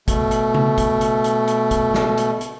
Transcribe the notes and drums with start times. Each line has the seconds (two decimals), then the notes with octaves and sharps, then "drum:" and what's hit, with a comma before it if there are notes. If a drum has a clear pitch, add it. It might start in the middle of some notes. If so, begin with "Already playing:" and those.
0.08 B2 A3, drum: kick, hi-hat
0.31 drum: hi-hat
0.54 drum: tom C3
0.78 drum: kick, hi-hat
1.01 drum: hi-hat
1.24 drum: hi-hat
1.48 drum: hi-hat
1.71 drum: kick, hi-hat
1.94 drum: snare
2.18 drum: hi-hat
2.41 drum: hi-hat